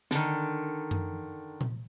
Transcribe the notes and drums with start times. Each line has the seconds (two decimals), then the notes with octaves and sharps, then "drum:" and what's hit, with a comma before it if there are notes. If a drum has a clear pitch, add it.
0.11 D3 D#3, drum: snare
0.91 drum: tom F#2
1.61 drum: tom A#2